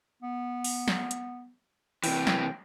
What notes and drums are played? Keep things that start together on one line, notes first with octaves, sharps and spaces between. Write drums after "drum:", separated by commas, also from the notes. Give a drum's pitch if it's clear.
B3
drum: open hi-hat
drum: snare
drum: hi-hat
C3 E3 G5, drum: open hi-hat
drum: snare